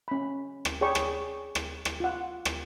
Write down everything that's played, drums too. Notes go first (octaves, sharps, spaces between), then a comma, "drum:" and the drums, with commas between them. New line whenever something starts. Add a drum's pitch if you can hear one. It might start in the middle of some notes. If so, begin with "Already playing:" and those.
C#4 B5
drum: rim click
G#4 C#5 D5 G5 B5 C#6
drum: rim click
drum: rim click
drum: rim click
F4 F#5
drum: rim click